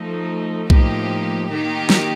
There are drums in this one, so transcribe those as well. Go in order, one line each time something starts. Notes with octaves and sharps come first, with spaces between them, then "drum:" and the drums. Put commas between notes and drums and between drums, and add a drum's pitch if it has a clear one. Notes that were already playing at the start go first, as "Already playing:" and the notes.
Already playing: F3 A3 D#4
A2 F3 A#3 D#4 G4, drum: kick B1
D#3 A#3 D#4 G4
drum: snare